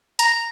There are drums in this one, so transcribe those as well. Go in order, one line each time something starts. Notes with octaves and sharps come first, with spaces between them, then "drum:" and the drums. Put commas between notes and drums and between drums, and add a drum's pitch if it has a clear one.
A#5, drum: hi-hat